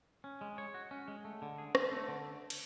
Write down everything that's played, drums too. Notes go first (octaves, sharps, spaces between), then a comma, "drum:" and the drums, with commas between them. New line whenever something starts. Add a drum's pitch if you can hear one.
C#4
G#3
C#5
F#4
C#4
G#3
A3
D3
G#4
C#4, drum: rim click
A3
D3
drum: cymbal